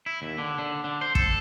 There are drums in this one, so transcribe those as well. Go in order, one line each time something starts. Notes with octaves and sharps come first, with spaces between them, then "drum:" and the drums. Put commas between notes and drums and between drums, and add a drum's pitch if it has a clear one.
E4
D#2
D3
D3
D3
C5
A4, drum: kick